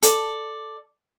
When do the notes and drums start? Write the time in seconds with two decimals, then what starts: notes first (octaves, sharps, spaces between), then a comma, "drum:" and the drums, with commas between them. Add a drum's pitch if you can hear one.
0.03 A4 D5, drum: hi-hat